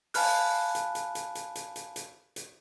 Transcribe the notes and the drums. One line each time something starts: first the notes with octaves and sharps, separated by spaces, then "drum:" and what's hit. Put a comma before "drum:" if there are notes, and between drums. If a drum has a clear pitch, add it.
F5 G#5 A5 B5 F6 F#6, drum: open hi-hat
drum: hi-hat
drum: hi-hat
drum: hi-hat
drum: hi-hat
drum: hi-hat
drum: hi-hat
drum: hi-hat
drum: hi-hat